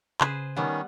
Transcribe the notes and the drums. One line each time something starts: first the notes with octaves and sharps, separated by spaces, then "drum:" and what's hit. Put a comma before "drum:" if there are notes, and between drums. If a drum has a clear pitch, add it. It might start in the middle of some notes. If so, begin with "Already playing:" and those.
C#3 G#4 B4 C5, drum: clap
D#3 G3 B3 C#4